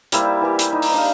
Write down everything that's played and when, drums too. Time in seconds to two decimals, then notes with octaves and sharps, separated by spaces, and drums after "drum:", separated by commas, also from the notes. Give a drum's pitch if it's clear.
0.12 G3 A#3 E4 C5, drum: hi-hat
0.41 E3 G4
0.59 drum: hi-hat
0.73 D#4
0.82 drum: open hi-hat
0.94 D4 F5